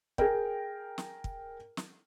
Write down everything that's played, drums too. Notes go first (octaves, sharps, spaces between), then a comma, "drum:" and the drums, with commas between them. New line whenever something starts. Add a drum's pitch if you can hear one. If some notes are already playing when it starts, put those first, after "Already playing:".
G#4 A#4 G5, drum: kick
drum: snare
drum: kick
drum: snare